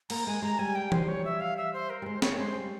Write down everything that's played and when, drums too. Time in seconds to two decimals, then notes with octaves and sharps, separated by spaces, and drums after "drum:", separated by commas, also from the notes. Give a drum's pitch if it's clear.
0.10 A#3 A#5, drum: cymbal
0.27 G#3 G#5
0.42 G#3 A#5
0.59 G3 G#5
0.75 G5
0.92 C5, drum: tom E3
1.08 C#5
1.25 E5
1.40 F5
1.57 E5
1.73 C5
1.90 A#4
2.02 G3
2.06 G#3 C5
2.22 A#3 C#5, drum: snare
2.38 G#3 C5
2.55 G3